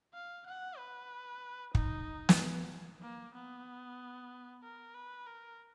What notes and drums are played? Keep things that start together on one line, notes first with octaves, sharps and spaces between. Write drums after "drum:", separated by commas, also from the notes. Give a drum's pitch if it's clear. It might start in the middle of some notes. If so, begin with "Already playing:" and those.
F5
F#5
B4
D#4, drum: kick
drum: snare
A#3
B3
A#4
B4
A#4